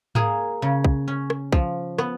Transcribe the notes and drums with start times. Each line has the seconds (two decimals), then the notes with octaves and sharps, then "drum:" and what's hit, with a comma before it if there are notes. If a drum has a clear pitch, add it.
0.15 A#3 G#4, drum: tom G#2
0.62 C#3
0.85 drum: kick
1.08 C#4
1.30 drum: rim click
1.52 F3, drum: kick
1.98 B3, drum: rim click